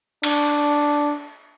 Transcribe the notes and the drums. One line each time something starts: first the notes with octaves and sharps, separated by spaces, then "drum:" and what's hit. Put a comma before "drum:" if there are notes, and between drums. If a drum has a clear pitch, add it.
D4, drum: cymbal